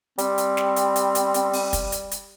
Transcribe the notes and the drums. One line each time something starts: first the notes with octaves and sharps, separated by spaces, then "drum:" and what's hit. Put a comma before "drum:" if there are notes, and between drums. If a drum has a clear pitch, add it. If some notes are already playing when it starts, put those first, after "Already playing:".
G3 C4, drum: hi-hat
drum: hi-hat
drum: snare
drum: hi-hat
drum: hi-hat
drum: hi-hat
drum: hi-hat
drum: open hi-hat
drum: kick, hi-hat
drum: hi-hat
drum: hi-hat